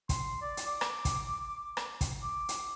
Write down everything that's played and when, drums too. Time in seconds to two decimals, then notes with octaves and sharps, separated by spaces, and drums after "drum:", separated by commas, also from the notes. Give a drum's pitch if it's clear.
0.09 C6, drum: kick, hi-hat
0.41 D5
0.57 drum: hi-hat
0.66 D6
0.81 drum: rim click
1.05 drum: kick, hi-hat
1.77 drum: rim click
2.01 drum: kick, hi-hat
2.22 D6
2.49 drum: hi-hat